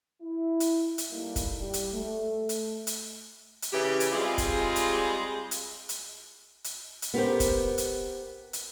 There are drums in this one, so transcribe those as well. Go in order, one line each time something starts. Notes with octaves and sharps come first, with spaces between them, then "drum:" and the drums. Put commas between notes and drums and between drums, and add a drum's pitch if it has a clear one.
E4
drum: hi-hat
drum: hi-hat
G3 A3 A#3 D#4 E4
drum: kick, hi-hat
G3
drum: hi-hat
A3
drum: hi-hat
drum: hi-hat
drum: hi-hat
C#3 E3 G4
drum: hi-hat
G3 G#3 C4 F4 G#4
drum: kick, hi-hat
drum: hi-hat
drum: hi-hat
drum: hi-hat
drum: hi-hat
drum: hi-hat
B3 G4 A#4 C5
drum: kick, hi-hat
drum: hi-hat
drum: hi-hat